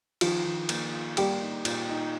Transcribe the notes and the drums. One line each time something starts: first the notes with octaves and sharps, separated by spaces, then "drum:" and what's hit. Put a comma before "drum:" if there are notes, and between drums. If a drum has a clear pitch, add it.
D#3 F3 F4, drum: cymbal
D#3
A#3, drum: cymbal
F4
G3 A#3 G4, drum: cymbal
D#4
A#2, drum: cymbal
D#4